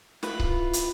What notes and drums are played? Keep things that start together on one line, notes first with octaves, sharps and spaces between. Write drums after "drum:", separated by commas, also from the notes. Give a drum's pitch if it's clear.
E4 F4 B4 B5, drum: snare
drum: kick C#1
drum: hi-hat